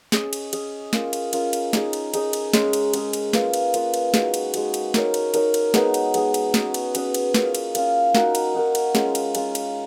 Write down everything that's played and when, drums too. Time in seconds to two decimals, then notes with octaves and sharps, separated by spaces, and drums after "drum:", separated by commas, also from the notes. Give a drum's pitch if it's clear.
0.12 C#4 G#4 D#5, drum: snare
0.33 drum: cymbal
0.53 C#4 G#4 D#5, drum: cymbal
0.93 C#4 F4 A#4, drum: snare
1.13 drum: cymbal
1.33 C#4 F4 A#4, drum: cymbal
1.53 drum: cymbal
1.73 D#4 G#4 D#5, drum: snare
1.93 drum: cymbal
2.14 D#4 G#4 D#5, drum: cymbal
2.33 drum: cymbal
2.53 G#3 C#4 G#4, drum: snare
2.73 drum: cymbal
2.94 G#3 C#4 G#4, drum: cymbal
3.13 drum: cymbal
3.33 A#3 F4 B4, drum: snare
3.54 drum: cymbal
3.74 A#3 F4 B4, drum: cymbal
3.94 drum: cymbal
4.14 G#3 D#4 F#4, drum: snare
4.34 drum: cymbal
4.54 G#3 D#4 F#4, drum: cymbal
4.74 drum: cymbal
4.94 D#4 A#4 C#5, drum: snare
5.14 drum: cymbal
5.34 D#4 A#4 C#5, drum: cymbal
5.54 drum: cymbal
5.74 G#3 B3 D#4 G#4, drum: snare
5.94 drum: cymbal
6.14 G#3 B3 D#4 G#4, drum: cymbal
6.34 drum: cymbal
6.54 C#4 F#4 B4 D#5, drum: snare
6.74 drum: cymbal
6.95 C#4 F#4 B4 D#5, drum: cymbal
7.14 drum: cymbal
7.34 A#3 C#4 F4, drum: snare
7.55 drum: cymbal
7.75 A#3 C#4 F4, drum: cymbal
8.15 D#4 F#4 A#4, drum: snare
8.35 drum: cymbal
8.55 D#4 F#4 A#4
8.75 drum: cymbal
8.95 G#3 C#4 F4, drum: snare
9.15 drum: cymbal
9.35 G#3 C#4 F4, drum: cymbal
9.55 drum: cymbal